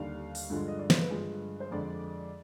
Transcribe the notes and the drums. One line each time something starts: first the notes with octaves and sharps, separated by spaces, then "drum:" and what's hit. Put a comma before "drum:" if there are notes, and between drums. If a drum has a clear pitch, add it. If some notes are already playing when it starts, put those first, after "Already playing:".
Already playing: D#2 D3 G3 F5
drum: open hi-hat
G2 D3 F3 G#3
D#5
D5
C5, drum: snare
B4
G2 D3 F3 G#3 G#4
C5
F2 D3 G#3 D5